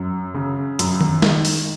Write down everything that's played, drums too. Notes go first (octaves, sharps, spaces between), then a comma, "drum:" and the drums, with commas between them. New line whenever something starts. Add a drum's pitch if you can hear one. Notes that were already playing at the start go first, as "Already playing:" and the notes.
Already playing: F#2
C#3
F#2, drum: hi-hat
drum: tom D#3
D#3, drum: snare
drum: open hi-hat